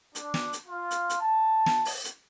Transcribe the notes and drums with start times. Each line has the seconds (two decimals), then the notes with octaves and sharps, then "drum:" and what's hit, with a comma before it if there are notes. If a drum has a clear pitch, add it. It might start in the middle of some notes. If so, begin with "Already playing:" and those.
0.15 D4, drum: hi-hat
0.34 drum: snare
0.53 drum: hi-hat
0.68 F4
0.91 drum: hi-hat
1.10 drum: hi-hat
1.21 A5
1.66 drum: snare
1.85 drum: open hi-hat
2.04 drum: hi-hat